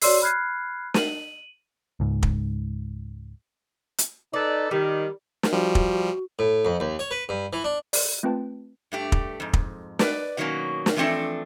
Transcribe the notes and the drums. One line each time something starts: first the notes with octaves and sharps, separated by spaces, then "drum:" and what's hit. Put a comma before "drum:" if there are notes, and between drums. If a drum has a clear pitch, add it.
F#4 C#5 D5 C6 E6 C7, drum: open hi-hat
B5 F6 F#6 G#6 C7
D#7 F#7, drum: snare
C#2 G#2
drum: kick
drum: hi-hat
D#4 A4 B4 D5
D#3 G3
drum: snare
F3 G3 F#4
drum: kick
A2
F2
D#2
C#5
B4
G2
E3
D4
D5, drum: open hi-hat
A3 C4 F4 B4 G5 A5
G2 A3 G4
drum: kick
F2 G#2
drum: kick
B4 D5, drum: snare
B2 D#3 F#3 G#3 A#3 C#4
drum: snare
E3 F3 A3 C4 D4 A4